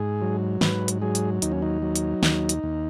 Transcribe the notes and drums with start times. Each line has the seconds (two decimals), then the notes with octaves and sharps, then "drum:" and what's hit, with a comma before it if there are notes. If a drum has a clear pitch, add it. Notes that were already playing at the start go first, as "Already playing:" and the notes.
Already playing: G#2 G#4
0.21 F#3
0.61 G#2 B4, drum: snare
0.88 drum: hi-hat
1.02 F#3 G#4
1.15 drum: hi-hat
1.42 D#2 D#4, drum: hi-hat
1.52 C#4
1.62 D#4
1.82 F#3
1.96 drum: hi-hat
2.23 D#2, drum: snare
2.49 drum: hi-hat
2.63 D#2